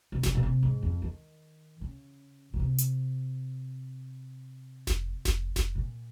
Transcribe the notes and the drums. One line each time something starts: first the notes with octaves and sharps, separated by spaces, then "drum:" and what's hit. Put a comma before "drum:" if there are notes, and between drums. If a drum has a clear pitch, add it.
C3
C#3, drum: snare F1
A#2
C3
G#2
F2
D#3
C#3
C#3
C3
drum: hi-hat
drum: snare F1
drum: snare F1
drum: snare F1
A#2